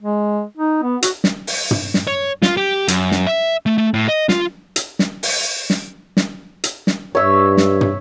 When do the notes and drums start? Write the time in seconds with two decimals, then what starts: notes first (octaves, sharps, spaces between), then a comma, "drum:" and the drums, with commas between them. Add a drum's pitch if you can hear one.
0.03 G#3
0.58 D#4
0.83 B3
1.02 F#4, drum: hi-hat
1.24 drum: snare
1.47 drum: open hi-hat
1.71 drum: tom
1.94 drum: snare
2.07 C#5
2.42 F4, drum: snare
2.57 G4
2.88 F#2, drum: hi-hat
3.12 drum: snare
3.27 E5
3.66 A3
3.78 A3
3.94 A2
4.08 D#5
4.29 F4, drum: snare
4.76 drum: hi-hat
4.99 drum: snare
5.23 drum: open hi-hat
5.70 drum: snare
6.17 drum: snare
6.64 drum: hi-hat
6.87 drum: snare
7.15 G2 C#5 E5
7.57 drum: snare
7.81 drum: tom